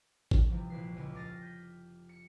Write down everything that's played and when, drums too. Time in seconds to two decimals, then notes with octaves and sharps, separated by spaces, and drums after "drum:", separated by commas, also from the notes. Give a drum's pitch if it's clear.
0.31 drum: kick A1
0.49 C3 E3 F3 G3
0.70 A#1 E3 B4 C7
0.94 F1 C#2
1.14 D6 F6 A6 A#6 C7 D#7
1.41 G6 B6
2.09 C#7